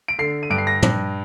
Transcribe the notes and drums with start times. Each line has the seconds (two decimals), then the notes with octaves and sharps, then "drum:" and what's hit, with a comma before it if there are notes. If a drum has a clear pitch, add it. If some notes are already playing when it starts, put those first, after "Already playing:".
0.08 D7
0.18 D3 C7
0.43 D#7
0.50 G2 D7
0.58 C7
0.67 A#6
0.82 G2, drum: tom